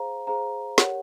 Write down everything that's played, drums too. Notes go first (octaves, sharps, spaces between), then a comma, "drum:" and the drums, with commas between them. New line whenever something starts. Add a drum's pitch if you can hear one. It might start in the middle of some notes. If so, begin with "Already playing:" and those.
Already playing: G#4 C5 F5 A#5
G#4 C5 F5 A#5
G4 A#4 C#5 F#5, drum: snare